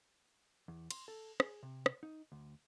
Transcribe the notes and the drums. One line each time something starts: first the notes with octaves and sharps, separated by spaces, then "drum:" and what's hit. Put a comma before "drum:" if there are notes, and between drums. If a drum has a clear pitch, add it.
E2
C6, drum: cymbal
A4
G#4, drum: rim click
C3
drum: rim click
D#4
D2